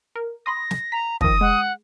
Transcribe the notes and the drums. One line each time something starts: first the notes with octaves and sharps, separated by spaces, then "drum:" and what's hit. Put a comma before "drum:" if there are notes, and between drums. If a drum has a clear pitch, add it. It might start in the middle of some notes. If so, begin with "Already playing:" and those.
A#4
B5 C6 D#6 A#6
drum: snare
A#5 B6
D#3 F3 D#6 A#6, drum: kick
G#3 F#5